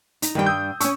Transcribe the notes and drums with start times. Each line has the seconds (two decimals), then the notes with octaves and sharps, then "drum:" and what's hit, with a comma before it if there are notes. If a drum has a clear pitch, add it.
0.22 D#4, drum: hi-hat
0.35 G2 D#3 G3 G5
0.46 D#6 E6 G6
0.81 C#4 D4 C#6 E6, drum: hi-hat